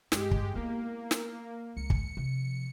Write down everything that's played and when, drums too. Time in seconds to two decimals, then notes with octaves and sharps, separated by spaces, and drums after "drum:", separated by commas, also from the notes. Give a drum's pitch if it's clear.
0.12 G2 G#3 G4, drum: snare
0.32 drum: kick
0.55 A#3 B3 E4
1.11 drum: snare
1.77 C#2 C#7
1.90 drum: kick
2.17 C3 F3